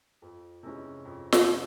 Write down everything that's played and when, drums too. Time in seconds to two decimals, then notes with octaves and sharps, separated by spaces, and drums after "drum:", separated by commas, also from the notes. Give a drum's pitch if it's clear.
0.22 F2
0.63 C3 E3 G#3 C#4
1.05 F2
1.32 drum: snare
1.47 C3 E3 G#3 C#4